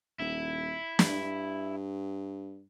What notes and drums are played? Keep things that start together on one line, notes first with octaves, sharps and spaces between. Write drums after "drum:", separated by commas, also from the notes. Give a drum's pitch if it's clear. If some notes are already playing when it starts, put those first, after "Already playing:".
D#1 E4
G2, drum: snare